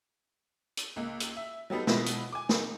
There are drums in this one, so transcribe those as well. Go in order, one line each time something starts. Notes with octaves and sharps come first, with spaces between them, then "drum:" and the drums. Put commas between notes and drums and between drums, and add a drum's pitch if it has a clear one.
drum: hi-hat
C#2 A#3
drum: hi-hat
E5
F#3 G3 B3 D#4 A4
B2 E3 F3 G#3 B3 E4, drum: snare
drum: hi-hat
G#5 D6
D#4, drum: snare